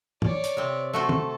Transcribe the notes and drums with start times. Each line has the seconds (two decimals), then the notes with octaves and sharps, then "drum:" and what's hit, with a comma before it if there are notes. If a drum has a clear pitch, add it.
0.22 C#5 D5, drum: tom
0.44 drum: hi-hat
0.57 C3 C4
0.93 A3 F#4 A4 C5
1.09 drum: tom